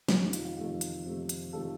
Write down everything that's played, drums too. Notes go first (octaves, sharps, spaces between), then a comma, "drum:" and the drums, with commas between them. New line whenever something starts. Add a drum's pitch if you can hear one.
F2 C3 D#3 A3 F4, drum: snare
D#4
F4, drum: hi-hat
F4
F2 C3 D#3 A3 F4
drum: hi-hat
F2 C3 D#3 A3
drum: hi-hat
C3 D#3 A3 F4 A4